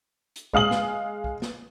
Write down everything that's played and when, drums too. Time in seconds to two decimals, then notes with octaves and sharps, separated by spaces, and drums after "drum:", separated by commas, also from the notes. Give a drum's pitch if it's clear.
0.36 drum: hi-hat
0.53 G#3 F5 D#6 F#7, drum: kick
0.71 drum: snare
1.24 drum: kick
1.42 drum: snare